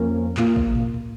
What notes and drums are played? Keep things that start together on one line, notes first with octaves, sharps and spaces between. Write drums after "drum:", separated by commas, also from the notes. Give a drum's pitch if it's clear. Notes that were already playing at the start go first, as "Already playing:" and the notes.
Already playing: F2 F3 A#3 C#4 A#4
A#2 A#3 F4, drum: clap
drum: kick
drum: tom
drum: tom